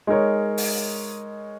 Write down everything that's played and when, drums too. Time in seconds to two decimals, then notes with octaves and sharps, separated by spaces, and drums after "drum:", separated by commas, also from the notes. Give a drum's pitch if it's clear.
0.07 G#3 D#4 A#4 C#5
0.58 drum: open hi-hat